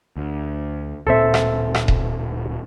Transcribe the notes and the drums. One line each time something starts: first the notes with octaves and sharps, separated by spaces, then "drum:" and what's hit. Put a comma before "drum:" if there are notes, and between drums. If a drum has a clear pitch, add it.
D2
D1 A#2 C4 A4 C5 E5
drum: rim click
drum: rim click
drum: kick D#1